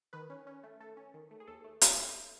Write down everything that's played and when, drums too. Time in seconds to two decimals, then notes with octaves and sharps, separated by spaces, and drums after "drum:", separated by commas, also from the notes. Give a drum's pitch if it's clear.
0.13 D#3 B4
0.30 C#4
0.47 C#4
0.63 A3
0.80 A3 A4
0.97 C#4
1.14 D#3
1.31 A3
1.40 G#4
1.47 D#2 A4
1.64 A3
1.81 C#4, drum: hi-hat
1.98 A3